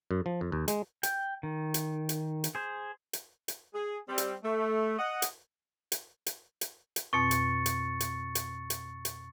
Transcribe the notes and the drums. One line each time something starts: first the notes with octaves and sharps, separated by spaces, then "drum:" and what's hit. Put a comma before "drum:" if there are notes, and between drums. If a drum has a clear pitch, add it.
F#2
F3
F2
D#2
G#3, drum: hi-hat
G5, drum: hi-hat
D#3
drum: hi-hat
drum: hi-hat
drum: hi-hat
G#4 C5
drum: hi-hat
drum: hi-hat
G#4
G3 C4
drum: hi-hat
A3
D#5 F#5
drum: hi-hat
drum: hi-hat
drum: hi-hat
drum: hi-hat
drum: hi-hat
F2 B2 C4 C#6 A6 C#7
drum: hi-hat
drum: hi-hat
drum: hi-hat
drum: hi-hat
drum: hi-hat
drum: hi-hat